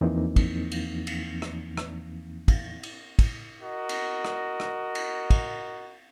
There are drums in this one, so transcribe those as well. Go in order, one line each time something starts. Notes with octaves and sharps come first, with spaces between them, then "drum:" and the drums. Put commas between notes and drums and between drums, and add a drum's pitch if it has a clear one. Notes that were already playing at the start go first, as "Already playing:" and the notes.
E2 E3 F3 A#3 C4 D#4
drum: kick, cymbal
drum: cymbal
drum: cymbal
drum: rim click
drum: rim click
drum: kick, cymbal
drum: cymbal
drum: kick, cymbal
F#4 A#4 D#5
drum: cymbal
drum: rim click
drum: rim click
drum: cymbal
drum: kick, cymbal